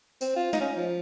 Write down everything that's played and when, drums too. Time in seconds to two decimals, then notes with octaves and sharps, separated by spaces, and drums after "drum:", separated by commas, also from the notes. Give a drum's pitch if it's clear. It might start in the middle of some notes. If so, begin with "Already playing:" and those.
0.21 C4, drum: tambourine
0.36 F4
0.53 D#4, drum: snare
0.61 C#4
0.76 F3